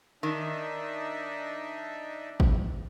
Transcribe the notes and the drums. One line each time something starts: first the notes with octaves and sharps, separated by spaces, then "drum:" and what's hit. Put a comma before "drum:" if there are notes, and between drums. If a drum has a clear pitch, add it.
D#3 D4 D#4 E5
drum: kick G#1